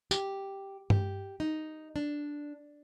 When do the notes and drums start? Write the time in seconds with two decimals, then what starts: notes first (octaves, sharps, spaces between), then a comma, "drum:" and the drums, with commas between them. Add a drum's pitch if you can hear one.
0.11 G4, drum: tambourine
0.90 G4, drum: tom G2
1.40 D#4
1.96 D4